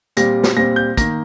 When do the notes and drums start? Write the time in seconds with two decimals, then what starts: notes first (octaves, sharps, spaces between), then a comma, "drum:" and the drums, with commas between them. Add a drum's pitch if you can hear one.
0.17 A#2 G3 C4 A#6, drum: hi-hat
0.44 drum: snare
0.56 A#2 G3 C4 A#6
0.76 G6
0.97 D#3 A#3 A#6, drum: kick, hi-hat